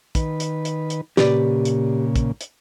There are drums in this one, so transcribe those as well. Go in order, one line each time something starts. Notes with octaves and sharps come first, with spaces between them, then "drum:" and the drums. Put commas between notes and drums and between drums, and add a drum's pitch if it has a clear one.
D#3 B4, drum: kick, hi-hat
drum: hi-hat
drum: hi-hat
drum: hi-hat
A#2 C#3 G4 B4 D5, drum: snare
drum: hi-hat
drum: kick, hi-hat
drum: hi-hat